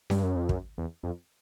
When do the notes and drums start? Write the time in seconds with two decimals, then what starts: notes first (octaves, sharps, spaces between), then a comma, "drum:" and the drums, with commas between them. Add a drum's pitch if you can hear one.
0.10 G2, drum: snare C#4
0.23 F#2
0.36 F2
0.49 F#2, drum: kick
0.78 E2
1.03 F2